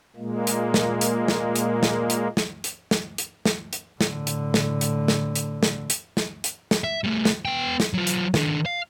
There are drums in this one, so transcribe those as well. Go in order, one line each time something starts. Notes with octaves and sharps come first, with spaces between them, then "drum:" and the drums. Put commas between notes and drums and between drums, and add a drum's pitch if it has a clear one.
A#2 G#3 A#3
drum: hi-hat
drum: snare
drum: hi-hat
drum: snare
drum: hi-hat
drum: snare
drum: hi-hat
drum: snare
drum: hi-hat
drum: snare
drum: hi-hat
drum: snare
drum: hi-hat
A2 D3, drum: snare
drum: hi-hat
drum: snare
drum: hi-hat
drum: snare
drum: hi-hat
drum: snare
drum: hi-hat
drum: snare
drum: hi-hat
drum: snare
E5
G3 A3
drum: snare
B3 G5
drum: snare
F#3 F4
drum: hi-hat
D#3 D4, drum: snare
F5